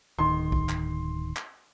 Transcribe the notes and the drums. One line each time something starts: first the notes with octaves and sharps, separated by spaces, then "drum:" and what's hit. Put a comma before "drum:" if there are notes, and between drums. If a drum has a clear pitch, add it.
D1 D#3 C6
drum: kick B1
drum: clap
drum: clap